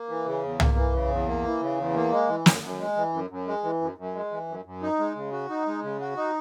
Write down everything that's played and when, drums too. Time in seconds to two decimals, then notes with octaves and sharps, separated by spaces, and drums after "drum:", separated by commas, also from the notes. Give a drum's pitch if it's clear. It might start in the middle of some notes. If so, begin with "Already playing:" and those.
Already playing: A#3
0.09 E3
0.26 C#3
0.43 E2
0.60 A#3, drum: tom C2
0.77 E3
0.93 C#3
1.11 E2
1.27 A#3
1.44 E3
1.61 C#3
1.78 E2
1.95 A#3
2.12 G#3
2.29 E3
2.46 F#2, drum: snare
2.63 F#2
2.79 G#3
2.96 E3
3.14 F#2
3.30 F#2
3.47 G#3
3.64 E3
3.81 F#2
3.98 F#2
4.15 G#3
4.31 E3
4.48 F#2
4.65 F#2
4.82 D#4
4.99 G#3
5.16 C#3
5.32 F#4
5.50 D#4
5.67 G#3
5.83 C#3
6.00 F#4
6.17 D#4